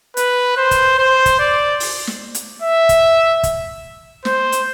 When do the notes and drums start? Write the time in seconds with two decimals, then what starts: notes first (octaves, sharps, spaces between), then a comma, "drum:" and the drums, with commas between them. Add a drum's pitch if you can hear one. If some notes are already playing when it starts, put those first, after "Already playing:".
0.17 B4, drum: hi-hat
0.57 C5
0.71 drum: kick, hi-hat
0.98 C5
1.26 drum: kick, hi-hat
1.39 D5
1.80 drum: open hi-hat
2.07 drum: snare
2.35 drum: hi-hat
2.62 E5
2.89 drum: kick, hi-hat
3.43 drum: kick, hi-hat
4.25 C5, drum: snare
4.52 drum: hi-hat